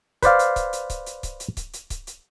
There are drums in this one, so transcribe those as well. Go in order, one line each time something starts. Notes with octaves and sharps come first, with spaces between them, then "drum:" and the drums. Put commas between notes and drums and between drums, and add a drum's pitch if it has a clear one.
B4 C5 D5 F5, drum: kick C#1, hi-hat
drum: hi-hat
drum: kick C#1, hi-hat
drum: hi-hat
drum: kick C#1, hi-hat
drum: hi-hat
drum: kick C#1, hi-hat
drum: hi-hat
drum: kick C#1, hi-hat
drum: hi-hat
drum: kick C#1, hi-hat
drum: hi-hat